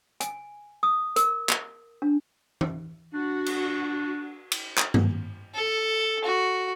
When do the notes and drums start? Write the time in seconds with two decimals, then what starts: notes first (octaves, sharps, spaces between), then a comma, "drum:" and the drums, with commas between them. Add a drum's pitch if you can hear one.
0.20 G#5, drum: hi-hat
0.83 D#6
1.16 A#4, drum: hi-hat
1.49 drum: clap
2.02 D4
2.61 drum: tom
3.14 D4 F#4
3.46 drum: cymbal
4.52 drum: cymbal
4.78 drum: clap
4.94 drum: tom G2
5.55 A4
6.24 F#4